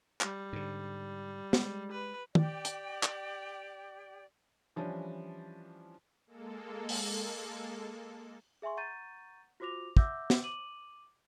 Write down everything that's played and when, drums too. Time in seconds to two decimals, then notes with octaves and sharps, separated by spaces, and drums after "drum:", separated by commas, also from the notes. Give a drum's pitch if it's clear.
0.21 G3, drum: clap
0.53 G#2 D3
1.53 G#3, drum: snare
1.92 B4
2.35 G4 D5 G5, drum: tom
2.65 drum: hi-hat
3.03 drum: clap
4.76 E3 F3 G3 C#4 D4
6.26 G#3 A#3 A4
6.89 drum: open hi-hat
8.62 G#4 E5 G#5 C6 C#6
8.77 F#5 A#5 C#6 G6 A6 D#7
9.60 F4 F#4 C5 D6 A#6 F7
9.97 E5 F#5 D6 E6 G6 A#6, drum: kick
10.30 drum: snare
10.44 D6 D#7 F#7